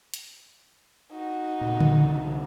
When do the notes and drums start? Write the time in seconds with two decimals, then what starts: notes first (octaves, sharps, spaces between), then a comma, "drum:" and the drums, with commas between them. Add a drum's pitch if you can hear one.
0.14 drum: hi-hat
1.11 D#4 F#4
1.61 A#2 C#3
1.80 drum: tom C#3
2.00 C2 D3 E3